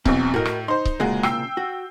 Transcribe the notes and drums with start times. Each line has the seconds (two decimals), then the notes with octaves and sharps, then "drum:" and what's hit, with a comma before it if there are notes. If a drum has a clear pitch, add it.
0.05 B1 E2 B2 C4, drum: kick C#1
0.34 A2 F#4 A#4 D#5
0.45 drum: rim click
0.68 D#4 C5 C6
0.85 drum: kick C#1
1.00 C2 A#2 C#3 G#3 F#4 G#4
1.23 G5 E6 C7, drum: rim click
1.57 F#4